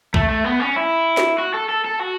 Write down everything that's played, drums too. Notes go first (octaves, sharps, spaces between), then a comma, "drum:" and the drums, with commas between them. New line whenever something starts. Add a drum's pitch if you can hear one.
A3, drum: kick B1
A3
B3
C#4
E4
drum: snare
F#4
A4
A4
A4
F#4